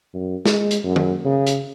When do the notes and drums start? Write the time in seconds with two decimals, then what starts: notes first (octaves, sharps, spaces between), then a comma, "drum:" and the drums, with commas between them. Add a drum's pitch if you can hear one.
0.14 F#2
0.46 G#3, drum: snare
0.71 drum: hi-hat
0.84 F#2
0.96 drum: tom
1.25 C#3
1.47 drum: hi-hat